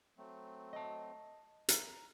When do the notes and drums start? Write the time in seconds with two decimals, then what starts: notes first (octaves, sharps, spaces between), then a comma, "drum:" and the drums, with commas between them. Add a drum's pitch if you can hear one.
0.18 F#3 A3 C4
0.73 D#5 A5
1.68 A#5, drum: hi-hat